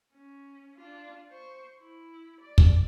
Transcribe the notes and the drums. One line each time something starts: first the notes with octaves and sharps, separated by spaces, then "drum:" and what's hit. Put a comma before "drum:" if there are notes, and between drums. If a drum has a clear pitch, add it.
C#4
D4 F4
C5 C#6
E4
D5
drum: kick